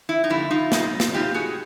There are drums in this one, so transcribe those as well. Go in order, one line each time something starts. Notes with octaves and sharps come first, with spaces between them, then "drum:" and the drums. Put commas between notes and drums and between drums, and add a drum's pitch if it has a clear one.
E4
D#4
F2 D3 G3 A#3 E4
D#4 F4
A#2 G3 A#3 D#4, drum: snare
drum: snare
B2 G#3 C4 D#4 F4 G4
F#4 G#4